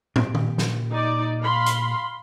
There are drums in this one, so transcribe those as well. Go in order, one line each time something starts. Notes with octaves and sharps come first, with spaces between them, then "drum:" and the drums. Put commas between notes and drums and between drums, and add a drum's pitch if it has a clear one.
A#2 G4, drum: tom
drum: tom
drum: snare
D#4 D5
F5 B5 C6
drum: hi-hat